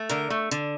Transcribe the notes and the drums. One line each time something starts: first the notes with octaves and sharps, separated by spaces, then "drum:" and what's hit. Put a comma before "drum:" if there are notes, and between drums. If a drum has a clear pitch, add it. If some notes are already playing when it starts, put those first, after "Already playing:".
Already playing: A3
D3 A#4, drum: hi-hat
A3
D3, drum: hi-hat